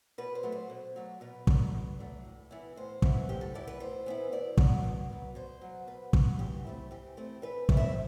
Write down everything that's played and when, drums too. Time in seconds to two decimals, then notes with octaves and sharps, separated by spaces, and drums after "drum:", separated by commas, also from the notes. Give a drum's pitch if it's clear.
0.18 B2 B4
0.35 C5
0.43 F#3 A3 D4
0.52 C5
0.70 B2
0.96 F#3 A3 D4
1.21 B2 B4
1.47 F#3 A3 D4, drum: kick
1.74 B2
1.99 F#3 A3 D4
2.25 A2
2.51 E3 B3 E4
2.76 A2 C5
3.02 E3 B3 E4, drum: kick
3.29 A2 G4
3.41 A4
3.54 E3 B3 E4 D5
3.67 B4
3.80 A2 C5
4.06 E3 B3 E4
4.32 B2 D5
4.57 F#3 B3, drum: kick
4.84 B2
5.10 F#3 B3
5.35 B2 C5
5.61 F#3 B3
5.87 B2 B4
6.13 F#3 B3, drum: kick
6.39 E3 G4
6.65 A3 C4 E4
6.91 E3 G4
7.17 A3 C4 E4
7.42 E3 B4
7.69 A3 C4 E4, drum: kick
7.77 E5